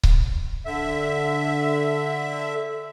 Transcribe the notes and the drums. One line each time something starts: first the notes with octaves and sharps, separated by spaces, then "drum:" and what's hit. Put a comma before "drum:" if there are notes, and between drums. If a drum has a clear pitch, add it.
drum: kick C#1
D3 E5